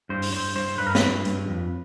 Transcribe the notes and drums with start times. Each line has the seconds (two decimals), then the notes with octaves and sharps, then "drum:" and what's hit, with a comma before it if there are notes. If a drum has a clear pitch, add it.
0.09 G2 C5
0.22 drum: open hi-hat
0.33 G2 C5
0.55 G2 C5
0.78 G2 B4
0.86 A#4
0.95 B4, drum: snare
1.02 G2
1.25 G2, drum: hi-hat
1.48 F2